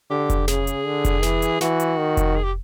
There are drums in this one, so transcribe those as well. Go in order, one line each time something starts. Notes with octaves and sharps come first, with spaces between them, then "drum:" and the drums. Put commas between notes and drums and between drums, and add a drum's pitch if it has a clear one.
D3 G4
drum: kick F1, hi-hat
C#3 G#4, drum: snare
drum: hi-hat
D3
drum: kick F1, hi-hat
E3, drum: snare
drum: hi-hat
E3 F#4, drum: snare
drum: hi-hat
D#3
drum: kick F1, hi-hat
G#4
G4